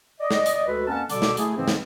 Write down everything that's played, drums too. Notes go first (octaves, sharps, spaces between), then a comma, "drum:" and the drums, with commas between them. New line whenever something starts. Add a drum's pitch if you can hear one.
D5 D#5
drum: snare
drum: hi-hat
D2 G#3 F#4 A4 B4
F2 A#3 C#4 F#5 A5
B2 D3 G3 A4 A5 D6, drum: hi-hat
drum: snare
A3 E4 G#4, drum: hi-hat
G#2 C#3 E3 F3 G#3 C4
drum: snare